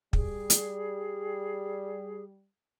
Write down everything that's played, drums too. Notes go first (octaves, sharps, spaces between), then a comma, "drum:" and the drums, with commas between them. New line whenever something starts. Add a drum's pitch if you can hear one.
G3 G#4, drum: kick
drum: hi-hat